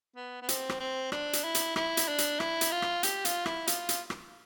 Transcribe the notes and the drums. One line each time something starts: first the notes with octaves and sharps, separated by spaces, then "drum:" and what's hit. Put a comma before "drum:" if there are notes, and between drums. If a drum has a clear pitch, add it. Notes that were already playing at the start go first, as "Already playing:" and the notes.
B3
B3
C4, drum: hi-hat
drum: rim click
C4
D4, drum: rim click
drum: hi-hat
E4
drum: hi-hat
E4, drum: rim click
drum: hi-hat
D4
drum: hi-hat
E4, drum: rim click
drum: hi-hat
F4
drum: rim click
G4, drum: hi-hat
F4, drum: hi-hat
E4, drum: rim click
F4, drum: hi-hat
drum: hi-hat
drum: rim click